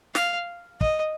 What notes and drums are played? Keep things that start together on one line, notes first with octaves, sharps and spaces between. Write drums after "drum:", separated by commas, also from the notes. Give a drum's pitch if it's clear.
F5, drum: snare
D#5, drum: kick